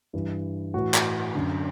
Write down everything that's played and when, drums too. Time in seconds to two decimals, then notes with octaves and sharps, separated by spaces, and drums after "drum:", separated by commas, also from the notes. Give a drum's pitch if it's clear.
0.13 G2 E3
0.74 A2 E3 F#4
0.94 drum: clap
1.34 F#2 D3